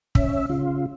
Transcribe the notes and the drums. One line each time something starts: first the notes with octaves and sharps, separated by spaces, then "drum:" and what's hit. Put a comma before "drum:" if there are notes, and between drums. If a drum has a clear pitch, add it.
C#4 E5, drum: kick
C#3 F4